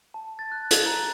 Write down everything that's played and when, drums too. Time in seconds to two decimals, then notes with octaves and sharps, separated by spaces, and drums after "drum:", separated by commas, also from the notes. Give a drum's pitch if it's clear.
0.14 A5
0.39 A6
0.52 F#6
0.71 drum: hi-hat
0.86 A#5